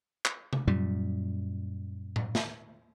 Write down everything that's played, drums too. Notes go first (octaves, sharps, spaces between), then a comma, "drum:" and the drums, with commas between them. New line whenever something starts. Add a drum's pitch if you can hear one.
drum: clap
drum: tom C3
F#2 A#2 G3
drum: tom A2
drum: snare